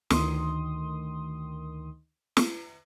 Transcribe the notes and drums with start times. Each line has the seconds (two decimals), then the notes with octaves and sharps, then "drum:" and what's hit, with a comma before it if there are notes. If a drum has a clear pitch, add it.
0.10 D2 D#3 C6 D#6, drum: snare
2.37 drum: snare